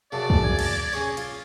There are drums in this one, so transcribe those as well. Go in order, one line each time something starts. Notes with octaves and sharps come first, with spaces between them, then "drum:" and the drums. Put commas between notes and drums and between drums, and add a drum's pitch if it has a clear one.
F#2 C#3 D5 A5
drum: kick
G#6
drum: cymbal
C#4 G#4 C#5
F4, drum: hi-hat